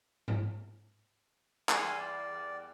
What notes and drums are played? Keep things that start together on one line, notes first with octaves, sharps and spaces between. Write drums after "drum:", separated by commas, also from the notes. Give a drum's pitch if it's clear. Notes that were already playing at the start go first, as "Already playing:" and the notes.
drum: tom G#2
E2 G3 A#3 G#5 C6 E6, drum: clap
D5